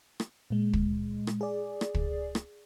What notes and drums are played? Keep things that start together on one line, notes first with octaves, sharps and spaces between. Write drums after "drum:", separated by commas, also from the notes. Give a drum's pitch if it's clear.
drum: rim click
A#2 G#3
drum: kick
drum: rim click
G#4 D5
drum: rim click
drum: kick
drum: rim click